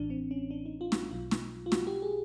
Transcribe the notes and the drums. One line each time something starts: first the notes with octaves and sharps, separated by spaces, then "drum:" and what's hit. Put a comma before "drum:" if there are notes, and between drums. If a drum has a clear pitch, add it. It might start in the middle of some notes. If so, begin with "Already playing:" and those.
Already playing: A1 A2 E3 D4
C4
C#4
D4
D#4
F4
F#4, drum: snare
F4
B1 B2 F#3 F4
drum: snare
F4
F#4, drum: snare
G4
G#4